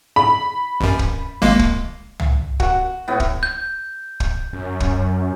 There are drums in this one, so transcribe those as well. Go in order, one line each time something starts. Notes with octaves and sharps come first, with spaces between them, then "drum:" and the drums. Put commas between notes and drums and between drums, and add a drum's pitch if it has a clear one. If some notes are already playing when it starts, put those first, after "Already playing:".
B5
A1 F#2
drum: kick
G#1 G#3 A#3
drum: kick
drum: tom C2
F#4 F#5, drum: kick
A2 B3
drum: kick
G6
drum: kick
F#2
drum: kick